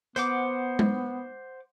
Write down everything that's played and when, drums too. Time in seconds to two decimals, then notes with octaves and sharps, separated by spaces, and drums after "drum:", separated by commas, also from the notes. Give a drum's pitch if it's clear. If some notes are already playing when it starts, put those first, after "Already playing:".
0.16 B3 C5 F#5 D6, drum: hi-hat
0.79 drum: tom G#3